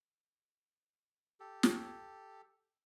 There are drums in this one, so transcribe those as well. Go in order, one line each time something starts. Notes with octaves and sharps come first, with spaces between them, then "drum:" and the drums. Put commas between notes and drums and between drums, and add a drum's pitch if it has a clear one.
G4 A4
drum: snare